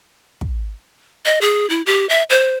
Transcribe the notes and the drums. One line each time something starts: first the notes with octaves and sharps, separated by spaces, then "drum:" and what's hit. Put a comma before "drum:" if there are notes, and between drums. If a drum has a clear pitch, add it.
drum: kick
D#5
G#4
E4
G4
E5
C5